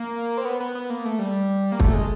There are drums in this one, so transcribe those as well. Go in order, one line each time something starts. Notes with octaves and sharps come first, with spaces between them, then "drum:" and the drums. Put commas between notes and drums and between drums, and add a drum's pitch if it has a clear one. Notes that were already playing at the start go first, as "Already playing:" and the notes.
Already playing: A#3
C4
B3
B3
B3
A#3
A3
G3
A#3
A3, drum: kick
G#3